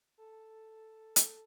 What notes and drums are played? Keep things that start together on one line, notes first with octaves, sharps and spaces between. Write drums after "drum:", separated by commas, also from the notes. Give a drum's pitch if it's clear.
A4
drum: hi-hat